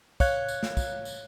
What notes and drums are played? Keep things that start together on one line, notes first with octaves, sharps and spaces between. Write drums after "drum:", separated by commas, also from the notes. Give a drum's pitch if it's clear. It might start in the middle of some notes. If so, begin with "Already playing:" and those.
C#5 F5 F#6 G#6, drum: kick, tambourine
drum: tambourine
drum: snare
drum: kick, tambourine
drum: tambourine